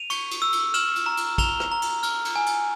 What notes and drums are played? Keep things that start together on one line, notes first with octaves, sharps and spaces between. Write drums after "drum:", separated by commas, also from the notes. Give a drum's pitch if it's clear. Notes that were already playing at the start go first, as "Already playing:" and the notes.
Already playing: D#7 F7
C#6, drum: cymbal
drum: cymbal
E6
drum: cymbal
F6 E7 F#7, drum: cymbal
drum: cymbal
A#5
drum: cymbal
A#5 F7 G7, drum: kick, cymbal
drum: rim click
A#5
drum: cymbal
F6, drum: cymbal
drum: cymbal
G#5
drum: cymbal